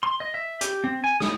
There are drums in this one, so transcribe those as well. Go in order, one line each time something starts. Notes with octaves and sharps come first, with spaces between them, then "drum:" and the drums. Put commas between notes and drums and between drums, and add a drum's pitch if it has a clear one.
C6
D#5
E5
G4, drum: hi-hat
C4
G#5
D#6, drum: snare